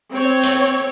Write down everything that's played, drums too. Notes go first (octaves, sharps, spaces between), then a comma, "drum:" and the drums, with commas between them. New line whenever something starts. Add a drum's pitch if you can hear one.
C4 C#5
drum: hi-hat